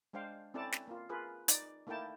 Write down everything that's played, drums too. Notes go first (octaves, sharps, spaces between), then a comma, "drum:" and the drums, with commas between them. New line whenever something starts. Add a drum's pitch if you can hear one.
G#3 D4 C5 F5 G5
C4 C#4 E4 A4 D5 A5
drum: snare
A#3 F4
F4 G#4 A#4 B4
D#4 D5, drum: hi-hat
A3 A#3 D#4 E4 G5 A5